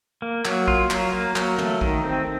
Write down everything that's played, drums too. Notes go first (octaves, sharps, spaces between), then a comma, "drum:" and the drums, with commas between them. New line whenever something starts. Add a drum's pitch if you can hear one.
A#3
F#3, drum: clap
F4, drum: kick A#1
F#3, drum: clap
A#3
F#3, drum: clap
A3, drum: tom
D#3, drum: kick A#1
C4